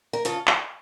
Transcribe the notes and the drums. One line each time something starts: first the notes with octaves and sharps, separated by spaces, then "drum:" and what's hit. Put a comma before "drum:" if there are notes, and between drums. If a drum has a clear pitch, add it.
A#4
C#3 F4 A4, drum: hi-hat
drum: clap